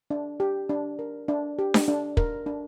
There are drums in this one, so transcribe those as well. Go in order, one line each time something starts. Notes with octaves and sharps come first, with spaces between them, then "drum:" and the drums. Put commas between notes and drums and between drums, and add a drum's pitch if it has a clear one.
D4
G4
D4
A#4
D4
G4
drum: snare D4
D4
A#4, drum: kick
D4